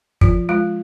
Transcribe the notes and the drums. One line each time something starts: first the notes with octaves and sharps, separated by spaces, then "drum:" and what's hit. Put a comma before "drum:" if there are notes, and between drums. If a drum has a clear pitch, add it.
F3 F4, drum: kick
G#3 F4